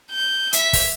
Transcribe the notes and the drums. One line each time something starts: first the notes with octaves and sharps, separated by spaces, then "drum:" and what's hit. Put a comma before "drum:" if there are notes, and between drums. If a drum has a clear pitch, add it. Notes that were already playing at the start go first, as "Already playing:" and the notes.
G6
E5 B6, drum: hi-hat
drum: kick, open hi-hat